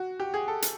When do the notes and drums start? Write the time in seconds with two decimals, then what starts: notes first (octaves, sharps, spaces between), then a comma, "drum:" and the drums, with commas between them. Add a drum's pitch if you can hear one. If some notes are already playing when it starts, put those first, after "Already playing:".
Already playing: F#4
0.20 G4
0.34 G#4
0.48 A4
0.62 drum: hi-hat